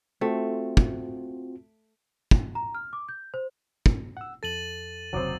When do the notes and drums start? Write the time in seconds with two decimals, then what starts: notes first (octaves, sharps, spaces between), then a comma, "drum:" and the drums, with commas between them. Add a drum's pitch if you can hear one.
0.21 A3 C4 F4 F#4
0.77 drum: kick
2.31 drum: kick
2.55 A#5
2.75 F6
2.93 D6
3.09 G6
3.34 C5
3.86 drum: kick
4.17 F#5 E6
4.43 F2 A4 A6 D#7 F#7
5.13 F#1 D#2 C3 F#3 C4 D6 D#6